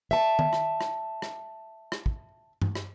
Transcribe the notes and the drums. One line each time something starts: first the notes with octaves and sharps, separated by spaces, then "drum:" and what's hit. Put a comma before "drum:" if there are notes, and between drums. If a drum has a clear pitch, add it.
E5 A5
drum: tom D#3
drum: rim click
drum: rim click
drum: rim click
drum: rim click
drum: kick
drum: tom G2
drum: rim click